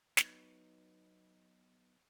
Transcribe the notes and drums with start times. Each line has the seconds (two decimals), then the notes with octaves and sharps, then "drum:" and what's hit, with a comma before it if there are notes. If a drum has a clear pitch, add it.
0.17 F#3 B3 D#4, drum: snare